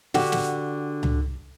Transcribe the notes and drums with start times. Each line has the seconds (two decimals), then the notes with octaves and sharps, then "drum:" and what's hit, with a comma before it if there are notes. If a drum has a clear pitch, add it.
0.14 D3 F#4 G4, drum: snare
0.32 drum: snare
1.03 drum: tom C#2